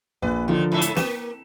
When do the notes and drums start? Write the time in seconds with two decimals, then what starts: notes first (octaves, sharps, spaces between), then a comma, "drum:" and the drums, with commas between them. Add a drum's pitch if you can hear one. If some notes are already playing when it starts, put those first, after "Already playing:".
0.22 A#1 B4
0.48 A#2 D3 D#3 F3
0.72 G#2 A4 E5
0.82 drum: hi-hat
0.97 A#3 E7, drum: snare